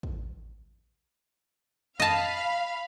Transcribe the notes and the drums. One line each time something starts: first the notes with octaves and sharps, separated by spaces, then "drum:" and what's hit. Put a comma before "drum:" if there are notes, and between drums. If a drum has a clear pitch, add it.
drum: kick
D#5 F5 A5 B5, drum: tom F2